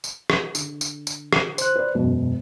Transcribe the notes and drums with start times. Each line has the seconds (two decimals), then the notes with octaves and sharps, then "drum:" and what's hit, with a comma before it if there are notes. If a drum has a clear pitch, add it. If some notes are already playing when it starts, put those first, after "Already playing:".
0.04 drum: tambourine
0.30 drum: rim click
0.55 D3, drum: tambourine
0.81 drum: tambourine
1.07 drum: tambourine
1.33 drum: rim click
1.58 C5 F#6, drum: tambourine
1.76 B4 D5
1.95 E1 F#2 B2